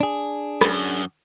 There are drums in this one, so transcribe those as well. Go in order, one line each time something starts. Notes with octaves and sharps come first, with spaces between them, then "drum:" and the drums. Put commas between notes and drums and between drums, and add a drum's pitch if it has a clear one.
D4 G#4
F#2, drum: rim click